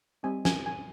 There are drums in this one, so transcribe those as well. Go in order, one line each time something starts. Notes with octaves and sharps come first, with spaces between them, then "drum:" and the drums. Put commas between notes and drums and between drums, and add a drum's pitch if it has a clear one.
G3 C4 D#4 G4 G#5
G#5, drum: snare
G#5